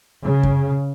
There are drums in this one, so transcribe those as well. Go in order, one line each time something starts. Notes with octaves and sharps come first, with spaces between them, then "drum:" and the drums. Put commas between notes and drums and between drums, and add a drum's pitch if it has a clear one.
C#3
drum: kick F#2